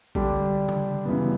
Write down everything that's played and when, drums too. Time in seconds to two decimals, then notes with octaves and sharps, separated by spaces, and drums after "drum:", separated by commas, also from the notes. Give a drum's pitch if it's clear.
0.15 D3 G3 D4 G4, drum: kick A1
0.69 drum: tom C#3
1.05 F#2 C#3 E3 G3 B3